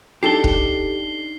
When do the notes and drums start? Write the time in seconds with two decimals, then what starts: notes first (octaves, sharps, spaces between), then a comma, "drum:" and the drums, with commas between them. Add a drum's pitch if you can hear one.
0.23 D4 D#4 G4 A4 C7 G7
0.44 drum: kick